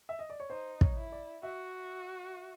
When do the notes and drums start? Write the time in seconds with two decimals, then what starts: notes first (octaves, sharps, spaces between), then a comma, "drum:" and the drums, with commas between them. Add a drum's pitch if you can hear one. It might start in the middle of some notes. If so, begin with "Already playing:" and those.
0.09 E5
0.19 D#5
0.30 D5
0.40 C#5
0.50 D#4 C5
0.81 C#5, drum: kick
0.97 E4
1.12 D5
1.43 F#4 E5